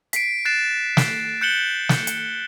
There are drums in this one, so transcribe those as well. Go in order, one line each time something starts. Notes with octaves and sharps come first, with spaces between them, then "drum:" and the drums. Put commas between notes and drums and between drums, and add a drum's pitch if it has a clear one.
B6 C7 D7, drum: hi-hat
F#6 A6 C7 E7
drum: snare
F#6 G6 C#7 E7 F#7 G7
drum: snare
drum: hi-hat